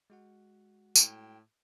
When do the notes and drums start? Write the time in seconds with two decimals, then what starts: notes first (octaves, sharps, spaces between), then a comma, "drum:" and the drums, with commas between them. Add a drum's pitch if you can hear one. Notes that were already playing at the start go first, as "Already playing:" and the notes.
0.10 G#3 F#4 F#5
0.96 A2 G5, drum: tambourine